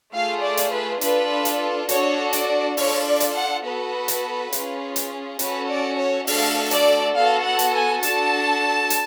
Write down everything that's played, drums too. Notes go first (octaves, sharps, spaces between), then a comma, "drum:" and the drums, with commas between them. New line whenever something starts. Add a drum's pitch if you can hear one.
A3 F4 G#4 F5
D5
drum: hi-hat
B4
D4 F4 A4 B4, drum: hi-hat
drum: hi-hat
D4 F#4 A4 C#5, drum: hi-hat
D5, drum: hi-hat
D4 F4 A4 C#5, drum: open hi-hat
D5
drum: hi-hat
F#5
B3 F#4 A4 B4
drum: hi-hat
C#4 F4 G#4, drum: hi-hat
drum: hi-hat
C#4 F#4 A4 B4, drum: hi-hat
D5
C#5
A3 D4 F#4 A4 F5, drum: open hi-hat
D5, drum: hi-hat
B3 F#4 A4 F5
F#5
drum: hi-hat
G#5
D4 F#4 A4 A5, drum: hi-hat
drum: hi-hat